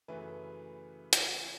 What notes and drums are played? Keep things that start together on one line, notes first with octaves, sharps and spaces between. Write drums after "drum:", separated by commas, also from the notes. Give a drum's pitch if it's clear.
F#2 C#3 E3 A3 B4
drum: hi-hat